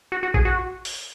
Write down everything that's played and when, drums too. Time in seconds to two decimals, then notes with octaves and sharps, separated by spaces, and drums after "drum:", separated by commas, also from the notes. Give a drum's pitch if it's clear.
0.12 F#4
0.23 F#4
0.34 G#4, drum: kick A#1
0.45 F#4
0.85 drum: open hi-hat